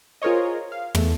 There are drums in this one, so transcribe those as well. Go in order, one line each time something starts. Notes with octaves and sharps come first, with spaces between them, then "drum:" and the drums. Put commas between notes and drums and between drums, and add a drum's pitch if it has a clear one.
F4 G#4 A#4 C5 C#5 D#5
F5
E2 A3, drum: tom